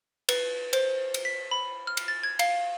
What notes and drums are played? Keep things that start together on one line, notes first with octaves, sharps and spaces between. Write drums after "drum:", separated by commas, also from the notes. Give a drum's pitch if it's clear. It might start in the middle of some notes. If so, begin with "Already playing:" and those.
B4, drum: cymbal
C5, drum: cymbal
drum: cymbal
B6
B5
F6
drum: cymbal
A6
G#6
F5, drum: cymbal